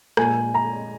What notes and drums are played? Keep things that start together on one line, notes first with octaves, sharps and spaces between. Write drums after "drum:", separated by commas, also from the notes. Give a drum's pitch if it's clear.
A#1 A#2 G#3 G#5, drum: rim click
A#5